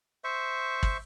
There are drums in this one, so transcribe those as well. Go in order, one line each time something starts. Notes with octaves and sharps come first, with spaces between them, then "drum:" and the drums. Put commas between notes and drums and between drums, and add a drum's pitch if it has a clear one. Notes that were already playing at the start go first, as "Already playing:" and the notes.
C5 E5 C#6
drum: kick